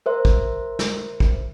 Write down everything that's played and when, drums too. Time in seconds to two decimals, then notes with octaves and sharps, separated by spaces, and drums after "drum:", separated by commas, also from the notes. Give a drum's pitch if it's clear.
0.06 A#4 C5 E5 C6
0.25 drum: kick
0.79 drum: snare
1.20 drum: kick